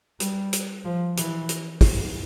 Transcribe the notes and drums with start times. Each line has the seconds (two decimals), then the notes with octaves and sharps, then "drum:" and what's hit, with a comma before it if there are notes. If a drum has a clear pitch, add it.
0.20 G3, drum: hi-hat
0.53 drum: hi-hat
0.85 F3
1.17 E3, drum: hi-hat
1.49 drum: hi-hat
1.81 drum: kick, open hi-hat